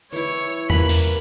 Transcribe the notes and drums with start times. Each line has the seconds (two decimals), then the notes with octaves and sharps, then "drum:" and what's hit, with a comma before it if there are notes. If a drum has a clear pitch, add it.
0.12 E3 E4 C#5
0.70 C2 A#3 C#4 B4 F5 B5, drum: tom E2
0.89 drum: open hi-hat